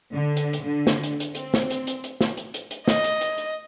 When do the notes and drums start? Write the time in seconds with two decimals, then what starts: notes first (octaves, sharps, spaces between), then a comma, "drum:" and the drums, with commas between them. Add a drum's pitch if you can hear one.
0.13 D3
0.37 drum: hi-hat
0.53 drum: hi-hat
0.63 D3
0.87 drum: snare
1.03 drum: hi-hat
1.20 drum: hi-hat
1.35 C4, drum: hi-hat
1.54 drum: snare
1.70 drum: hi-hat
1.87 drum: hi-hat
2.04 drum: hi-hat
2.21 drum: snare
2.37 drum: hi-hat
2.54 drum: hi-hat
2.71 drum: hi-hat
2.87 D#5, drum: snare
3.04 drum: hi-hat
3.21 drum: hi-hat
3.38 drum: hi-hat